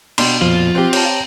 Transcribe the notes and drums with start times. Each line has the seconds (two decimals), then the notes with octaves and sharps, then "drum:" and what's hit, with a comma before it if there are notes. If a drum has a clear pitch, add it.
0.18 B2 D4 G5 C6, drum: cymbal
0.41 F2 A#2 F3 F4
0.75 C4 G4 F#6
0.93 C#5 G5 A5 A#5, drum: cymbal